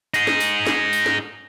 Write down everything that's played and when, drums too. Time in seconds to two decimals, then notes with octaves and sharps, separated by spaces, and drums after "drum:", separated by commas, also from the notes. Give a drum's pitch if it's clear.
0.14 D#4 G#4, drum: tambourine
0.27 drum: snare
0.40 drum: tambourine
0.67 drum: snare
0.93 drum: tambourine
1.06 drum: snare